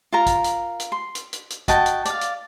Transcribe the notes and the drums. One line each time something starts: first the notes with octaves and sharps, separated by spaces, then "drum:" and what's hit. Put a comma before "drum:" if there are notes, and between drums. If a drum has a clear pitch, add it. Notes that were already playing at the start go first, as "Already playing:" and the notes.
F4 A#4 A#5
drum: kick, hi-hat
drum: hi-hat
drum: hi-hat
C6
drum: hi-hat
drum: hi-hat
drum: hi-hat
F#4 D#5 G5 A5, drum: kick, hi-hat
drum: hi-hat
D5 F5, drum: hi-hat
drum: hi-hat